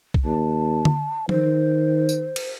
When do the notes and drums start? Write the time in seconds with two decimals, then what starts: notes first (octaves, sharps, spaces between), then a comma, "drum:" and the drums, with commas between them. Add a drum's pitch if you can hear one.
0.14 drum: kick B1
0.25 D#2 A5
0.85 drum: tom D3
1.29 D#3 C5, drum: tom F3
2.09 drum: tambourine
2.36 drum: cymbal